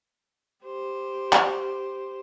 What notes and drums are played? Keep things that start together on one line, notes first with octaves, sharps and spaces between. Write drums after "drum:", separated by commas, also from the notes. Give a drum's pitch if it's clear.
G4 C5
drum: clap